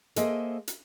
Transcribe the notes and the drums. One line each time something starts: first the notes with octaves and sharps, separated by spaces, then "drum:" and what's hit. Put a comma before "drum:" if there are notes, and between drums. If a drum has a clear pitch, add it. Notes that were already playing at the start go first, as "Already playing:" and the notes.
A#3 G#4 A4 C5 D#5 E5, drum: hi-hat
drum: hi-hat